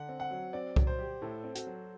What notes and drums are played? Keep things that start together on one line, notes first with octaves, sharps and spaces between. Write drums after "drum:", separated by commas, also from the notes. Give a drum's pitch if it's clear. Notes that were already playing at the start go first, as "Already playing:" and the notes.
Already playing: D3 F#5
C4
F#5
F#3
C4 D5
F#3, drum: kick C2
C5
G4
A2 A4
C4
F#4, drum: hi-hat
F#3